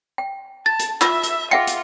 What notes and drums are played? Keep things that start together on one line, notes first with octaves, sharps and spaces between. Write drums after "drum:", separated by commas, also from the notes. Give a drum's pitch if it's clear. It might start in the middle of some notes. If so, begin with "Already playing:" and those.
G5
A5 A6
drum: hi-hat
F4 E5 E6, drum: clap
drum: hi-hat
F4 G#4 E5 F#5 G5 C#7
drum: hi-hat